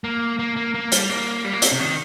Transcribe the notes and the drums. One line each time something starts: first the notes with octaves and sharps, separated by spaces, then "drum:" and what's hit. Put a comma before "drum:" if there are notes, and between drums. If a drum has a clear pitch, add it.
A#3
A#3
A#3
A#3
G3, drum: hi-hat
A#3
G3
A#3
C4, drum: hi-hat
C3
D#3